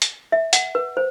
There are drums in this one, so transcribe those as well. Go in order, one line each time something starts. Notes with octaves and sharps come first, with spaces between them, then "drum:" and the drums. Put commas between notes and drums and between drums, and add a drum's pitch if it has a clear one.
drum: hi-hat
E5
F#5, drum: hi-hat
B4
C5